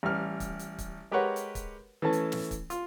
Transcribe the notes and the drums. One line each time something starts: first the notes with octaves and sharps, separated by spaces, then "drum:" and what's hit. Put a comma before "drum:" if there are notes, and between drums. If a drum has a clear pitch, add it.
A1 G3 F6
drum: kick, hi-hat
drum: hi-hat
drum: kick, hi-hat
G#3 G4 A#4 B4 C#5 F#5
drum: hi-hat
drum: kick, hi-hat
E3 A3 C#4 A5
drum: hi-hat
drum: snare
drum: kick, hi-hat
F4, drum: hi-hat